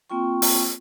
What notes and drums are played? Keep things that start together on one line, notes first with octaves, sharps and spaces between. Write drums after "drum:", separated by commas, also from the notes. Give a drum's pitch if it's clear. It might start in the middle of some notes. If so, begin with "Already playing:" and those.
A#3 C4 F4 G5 C#6
drum: open hi-hat